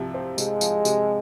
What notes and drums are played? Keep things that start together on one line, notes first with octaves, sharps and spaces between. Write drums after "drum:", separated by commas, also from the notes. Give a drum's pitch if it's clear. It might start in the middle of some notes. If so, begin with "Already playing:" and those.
Already playing: C2 C3 F3
C4
C3 G#3, drum: tambourine
F3, drum: tambourine
C3, drum: tambourine